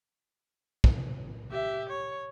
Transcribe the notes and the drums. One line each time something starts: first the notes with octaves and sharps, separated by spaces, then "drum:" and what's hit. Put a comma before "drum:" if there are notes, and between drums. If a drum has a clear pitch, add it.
drum: kick
G4 E5
C#5